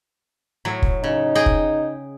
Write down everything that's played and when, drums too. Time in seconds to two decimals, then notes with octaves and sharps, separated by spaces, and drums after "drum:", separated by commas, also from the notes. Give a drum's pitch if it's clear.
0.65 A2 F#3
0.82 drum: kick
1.04 C#3 D#4
1.35 G#4 D#5 G5
1.46 drum: kick